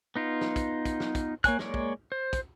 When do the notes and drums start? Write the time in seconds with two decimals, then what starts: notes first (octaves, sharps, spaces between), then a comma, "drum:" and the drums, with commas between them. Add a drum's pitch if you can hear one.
0.16 B3 D#4 F4
0.41 drum: snare
0.56 drum: kick, hi-hat
0.85 drum: kick, hi-hat
1.00 drum: snare
1.15 drum: kick, hi-hat
1.44 A#3 C#5 G#5 F#6, drum: kick, hi-hat
1.59 G#3 A#3 C#5 D5, drum: snare
1.74 drum: kick
2.12 C5
2.33 drum: kick, hi-hat